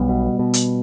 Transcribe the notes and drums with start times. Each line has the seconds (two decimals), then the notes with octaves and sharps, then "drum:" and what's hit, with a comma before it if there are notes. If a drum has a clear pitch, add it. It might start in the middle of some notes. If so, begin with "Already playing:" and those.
Already playing: B1 G3 B3
0.09 B2
0.39 B2
0.54 drum: hi-hat